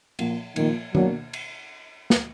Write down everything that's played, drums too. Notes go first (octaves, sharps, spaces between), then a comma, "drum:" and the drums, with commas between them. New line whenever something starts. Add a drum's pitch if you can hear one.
A#2 F3 A#3, drum: cymbal
A#2 D#3 F3 A#3, drum: cymbal
B2 F#3 A#3 D4 F#4, drum: tom
drum: cymbal
drum: snare